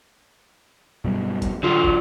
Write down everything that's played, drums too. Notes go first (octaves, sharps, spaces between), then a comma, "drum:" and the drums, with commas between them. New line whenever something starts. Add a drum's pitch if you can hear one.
G2 B2 F#3
drum: kick, hi-hat
D3 F#3 F4 D5
drum: kick